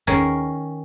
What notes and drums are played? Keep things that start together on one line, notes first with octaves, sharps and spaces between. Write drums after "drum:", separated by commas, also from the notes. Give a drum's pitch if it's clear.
D#3 C#4 G#4 A#4, drum: kick